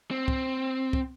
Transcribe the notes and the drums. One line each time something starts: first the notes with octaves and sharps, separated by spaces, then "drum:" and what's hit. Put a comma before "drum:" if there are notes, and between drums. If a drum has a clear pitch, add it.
C4
drum: kick
drum: kick